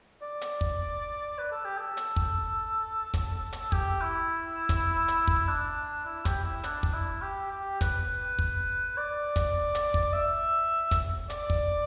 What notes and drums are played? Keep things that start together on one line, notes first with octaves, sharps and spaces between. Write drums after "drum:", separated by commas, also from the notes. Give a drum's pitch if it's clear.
D5
drum: hi-hat
drum: kick
B4
A4
G4
A4
drum: hi-hat
drum: kick
drum: kick, hi-hat
drum: hi-hat
G4, drum: kick
E4
drum: kick, hi-hat
drum: hi-hat
drum: kick
D4
E4
G4, drum: kick, hi-hat
E4
D4, drum: hi-hat
drum: kick
E4
G4
G4
B4, drum: kick, hi-hat
drum: kick
D5
drum: kick, hi-hat
drum: hi-hat
drum: kick
E5
drum: kick, hi-hat
D5, drum: hi-hat
drum: kick